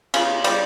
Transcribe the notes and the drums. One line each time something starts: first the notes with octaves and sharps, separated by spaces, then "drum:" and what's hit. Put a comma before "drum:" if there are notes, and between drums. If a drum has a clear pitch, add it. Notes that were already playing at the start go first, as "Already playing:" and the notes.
C#3, drum: cymbal
G3, drum: cymbal